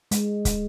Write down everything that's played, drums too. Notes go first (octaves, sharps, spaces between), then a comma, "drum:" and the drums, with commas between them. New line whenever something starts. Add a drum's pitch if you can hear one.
G#3, drum: hi-hat
drum: kick, hi-hat